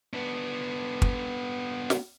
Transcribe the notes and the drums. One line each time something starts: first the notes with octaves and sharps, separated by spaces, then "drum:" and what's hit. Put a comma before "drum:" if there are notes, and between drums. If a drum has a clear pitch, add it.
B3 D4
drum: kick
drum: snare